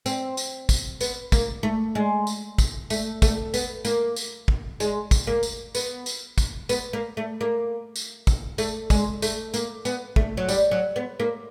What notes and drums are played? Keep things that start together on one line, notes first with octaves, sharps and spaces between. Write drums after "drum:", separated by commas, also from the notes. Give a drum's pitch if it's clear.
C4, drum: tambourine
drum: tambourine
drum: kick, tambourine
B3, drum: tambourine
A#3, drum: kick, tambourine
A3
G#3
drum: tambourine
drum: kick, tambourine
A3, drum: tambourine
A3, drum: kick, tambourine
B3, drum: tambourine
A#3, drum: tambourine
drum: tambourine
drum: kick
G#3, drum: tambourine
drum: kick, tambourine
A#3
drum: tambourine
B3, drum: tambourine
drum: tambourine
drum: kick, tambourine
B3, drum: tambourine
A#3
A3
A#3
drum: tambourine
drum: kick, tambourine
A3, drum: tambourine
G#3, drum: kick, tambourine
A3, drum: tambourine
A#3, drum: tambourine
B3, drum: tambourine
A3, drum: kick
F#3
G3, drum: tambourine
F#3
B3
A#3